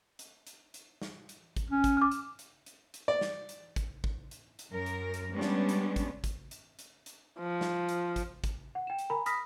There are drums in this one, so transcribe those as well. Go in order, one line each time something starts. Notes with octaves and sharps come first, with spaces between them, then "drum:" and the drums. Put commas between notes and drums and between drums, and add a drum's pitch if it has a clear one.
drum: hi-hat
drum: hi-hat
drum: hi-hat
drum: snare
drum: hi-hat
drum: kick G#1, hi-hat
C#4
drum: kick G#1, hi-hat
D6 F6
drum: hi-hat
drum: hi-hat
drum: hi-hat
drum: hi-hat
D5
drum: snare
drum: hi-hat
drum: kick G#1, hi-hat
drum: kick G#1
drum: hi-hat
drum: hi-hat
F#2 A#4
drum: hi-hat
drum: hi-hat
G3 G#3 B3 C#4 D4
drum: snare
drum: hi-hat
drum: kick G#1, hi-hat
drum: kick G#1, hi-hat
drum: hi-hat
drum: hi-hat
drum: hi-hat
F3
drum: snare
drum: hi-hat
drum: kick G#1, hi-hat
drum: kick G#1, hi-hat
F#5
G5 E7
drum: hi-hat
A#4 G#5 A#5 B5
B5 D#6 F6 A#6 B6, drum: hi-hat